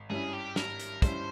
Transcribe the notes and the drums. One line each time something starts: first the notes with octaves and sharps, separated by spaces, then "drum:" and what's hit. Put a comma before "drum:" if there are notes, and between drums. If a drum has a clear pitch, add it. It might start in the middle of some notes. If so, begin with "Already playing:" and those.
Already playing: G#1
G2 G3 C#4 E4 G#4
G4
G#1 A#4, drum: snare
drum: hi-hat
G2 G3 C#4 E4 C5, drum: kick, hi-hat